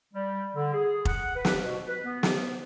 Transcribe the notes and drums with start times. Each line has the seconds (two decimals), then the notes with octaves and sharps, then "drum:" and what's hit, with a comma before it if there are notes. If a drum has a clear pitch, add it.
0.14 G3
0.55 D3
0.73 G#4
1.05 F#5, drum: kick F1
1.35 B4
1.45 drum: snare
1.62 B2
1.87 B4
2.05 B3
2.23 drum: snare